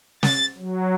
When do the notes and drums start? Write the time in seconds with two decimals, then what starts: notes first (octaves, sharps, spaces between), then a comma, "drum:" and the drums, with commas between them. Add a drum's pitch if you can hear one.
0.23 A6, drum: snare
0.58 F#3